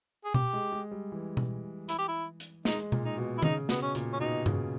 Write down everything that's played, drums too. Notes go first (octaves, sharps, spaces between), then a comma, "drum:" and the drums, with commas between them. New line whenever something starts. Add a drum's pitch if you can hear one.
G#4
G4, drum: tom B2
G#3
G#3
G3
E3
drum: tom B2
E4, drum: hi-hat
G4
E4
drum: hi-hat
G#3 D#4, drum: snare
A#2, drum: tom B2
D#4
B2
E4
C#3 D#4, drum: tom D#3
B2 B3, drum: snare
C#4
A#2, drum: hi-hat
C#4
B2 D#4
C#3, drum: tom G2